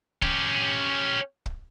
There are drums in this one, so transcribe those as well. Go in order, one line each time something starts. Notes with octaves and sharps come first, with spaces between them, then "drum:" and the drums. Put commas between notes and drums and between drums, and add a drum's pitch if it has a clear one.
C#4 G4, drum: kick
drum: kick